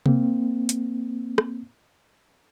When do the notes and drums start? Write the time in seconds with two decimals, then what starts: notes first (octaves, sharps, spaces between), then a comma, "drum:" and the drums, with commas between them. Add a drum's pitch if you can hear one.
0.06 A#3 C4, drum: tom C3
0.69 drum: hi-hat
1.38 drum: rim click